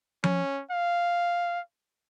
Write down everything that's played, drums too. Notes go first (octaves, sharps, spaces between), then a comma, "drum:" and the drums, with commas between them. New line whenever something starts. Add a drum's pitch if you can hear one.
C#4, drum: tom F3
F5